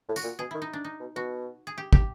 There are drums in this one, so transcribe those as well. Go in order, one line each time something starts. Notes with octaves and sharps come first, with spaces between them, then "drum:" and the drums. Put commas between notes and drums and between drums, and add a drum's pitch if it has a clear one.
A2
F#4, drum: tambourine
A#2
B2 G#4
D#3 E4
D#4
D4
D#4
B2
B2 F#4
G#4
G4
G4, drum: kick